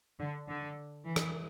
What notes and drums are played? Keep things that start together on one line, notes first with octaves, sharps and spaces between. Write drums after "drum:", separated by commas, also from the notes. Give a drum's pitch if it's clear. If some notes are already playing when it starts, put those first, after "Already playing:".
D3
D3
E3
drum: rim click